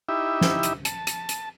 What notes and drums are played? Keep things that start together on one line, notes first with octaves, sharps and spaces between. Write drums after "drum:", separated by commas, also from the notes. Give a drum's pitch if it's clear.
D#4 E4 G4 E5
drum: snare
drum: hi-hat
A5, drum: hi-hat
drum: hi-hat
drum: hi-hat